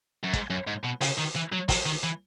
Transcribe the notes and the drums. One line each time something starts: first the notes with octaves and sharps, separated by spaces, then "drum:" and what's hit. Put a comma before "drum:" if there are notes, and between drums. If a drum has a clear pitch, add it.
F#2
G#2, drum: kick, hi-hat
F#2
G#2
B2
C#3, drum: open hi-hat
D#3
E3
F#3
F#3, drum: kick, open hi-hat
D#3
E3